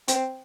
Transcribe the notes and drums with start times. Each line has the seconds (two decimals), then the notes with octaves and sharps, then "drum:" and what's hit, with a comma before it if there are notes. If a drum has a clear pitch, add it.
0.08 C4, drum: hi-hat